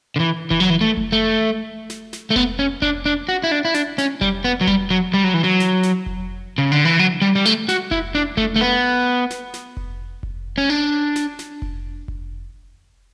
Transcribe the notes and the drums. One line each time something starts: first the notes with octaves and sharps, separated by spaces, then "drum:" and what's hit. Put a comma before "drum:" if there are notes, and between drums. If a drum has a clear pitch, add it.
D3
E3
E3, drum: kick F1
F#3
E3
A3
drum: kick F1
A3
drum: snare
drum: snare
A3
B3, drum: kick F1
C#4
D4, drum: kick F1
D4
F#4
E4
D4
E4
D4, drum: snare
C#4, drum: snare
G3, drum: kick F1
B3
F#3
G3, drum: kick F1
F#3
G3
F#3
E3
F#3
drum: snare
drum: snare
drum: kick F1
C#3
D3
E3
F#3
G3
G3
A3, drum: snare
F#4, drum: snare
E4, drum: kick F1
D4
A3, drum: kick F1
A3
B3
drum: snare
drum: snare
drum: kick F1
drum: kick F1
C#4
D4
drum: snare
drum: snare
drum: kick F1
drum: kick F1